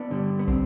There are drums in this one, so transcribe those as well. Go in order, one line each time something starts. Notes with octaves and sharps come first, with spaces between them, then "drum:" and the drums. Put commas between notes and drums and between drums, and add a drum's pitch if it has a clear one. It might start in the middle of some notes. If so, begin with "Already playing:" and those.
Already playing: B3 D4
G2 D3 G3
B3
C4, drum: kick